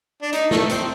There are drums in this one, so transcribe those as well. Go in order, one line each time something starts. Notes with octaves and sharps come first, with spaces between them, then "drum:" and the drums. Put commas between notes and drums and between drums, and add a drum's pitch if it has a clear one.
D4
D#4, drum: hi-hat
A3, drum: snare
C4, drum: hi-hat